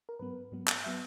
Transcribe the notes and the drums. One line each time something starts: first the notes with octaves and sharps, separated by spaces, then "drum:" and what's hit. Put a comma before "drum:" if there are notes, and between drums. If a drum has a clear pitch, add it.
A#4
G#2 F#3 B3 B4
G#2 F#3 B3
drum: clap
F#3 B3 E5